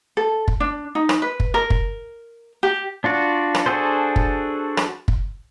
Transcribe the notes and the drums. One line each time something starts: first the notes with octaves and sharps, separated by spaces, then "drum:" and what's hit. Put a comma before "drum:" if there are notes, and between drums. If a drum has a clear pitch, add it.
A4
drum: kick
D4
D#4
drum: rim click
B4
drum: kick
A#4
drum: kick
G4
D4 F4 F#4 D5
drum: rim click
D4 F#4 G#4 A4 C5
drum: kick
drum: rim click
drum: kick